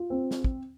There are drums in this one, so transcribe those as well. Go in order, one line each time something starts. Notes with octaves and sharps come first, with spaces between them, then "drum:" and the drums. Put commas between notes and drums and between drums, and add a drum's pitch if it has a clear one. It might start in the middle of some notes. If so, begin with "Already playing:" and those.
Already playing: F4
C4
drum: snare
drum: kick